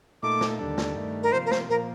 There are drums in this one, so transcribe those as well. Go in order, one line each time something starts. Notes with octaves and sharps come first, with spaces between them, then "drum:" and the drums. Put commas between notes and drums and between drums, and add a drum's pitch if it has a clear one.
A#2 A3 D#4 A4 D6
drum: snare
D#2 D3 G3 D4 A4
drum: snare
G2 D#3 A3 D4
A#4
C3 F3 A#3 F4 C5
A#4
C5, drum: snare
A#2 F3 A#3 A#4